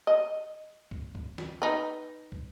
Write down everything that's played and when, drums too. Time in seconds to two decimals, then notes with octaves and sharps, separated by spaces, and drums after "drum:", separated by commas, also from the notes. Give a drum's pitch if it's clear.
0.07 D#5
0.91 drum: kick
1.15 drum: kick
1.38 drum: snare
1.62 D#4 B4
2.32 drum: kick